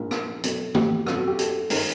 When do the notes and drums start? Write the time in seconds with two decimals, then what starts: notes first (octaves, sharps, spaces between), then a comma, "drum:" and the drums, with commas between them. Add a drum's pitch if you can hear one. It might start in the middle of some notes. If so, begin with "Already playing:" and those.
Already playing: A#1 G#2 F3 A#3 C#4
0.11 drum: rim click
0.44 B2 F#3 A3, drum: hi-hat
0.75 G4, drum: tom
1.07 B2 F#3 A3 C#4 F4 F#4, drum: rim click
1.17 F#4
1.27 G4
1.39 A4, drum: hi-hat
1.70 D#3 G#3 C#4 A#4, drum: open hi-hat